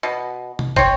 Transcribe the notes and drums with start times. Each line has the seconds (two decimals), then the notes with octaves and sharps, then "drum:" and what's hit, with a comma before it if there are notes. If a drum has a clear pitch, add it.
0.03 B2
0.59 drum: tom C3
0.76 C4 C#5, drum: kick